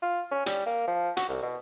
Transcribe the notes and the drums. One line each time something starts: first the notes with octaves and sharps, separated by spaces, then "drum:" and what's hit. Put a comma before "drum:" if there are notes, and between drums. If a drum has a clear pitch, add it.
F4
C#4
G3, drum: hi-hat
A#3
F3
F#4, drum: hi-hat
C2
B2